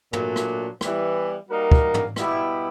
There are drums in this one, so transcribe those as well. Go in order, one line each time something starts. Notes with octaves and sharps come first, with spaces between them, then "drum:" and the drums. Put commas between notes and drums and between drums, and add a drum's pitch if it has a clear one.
A#2 F#3 A3 D4, drum: tom
drum: rim click
E3 G3 B3, drum: rim click
G3 A#3 D#4 F#4 A#4
drum: kick
drum: tom
B2 G3 B3 E4 G4, drum: rim click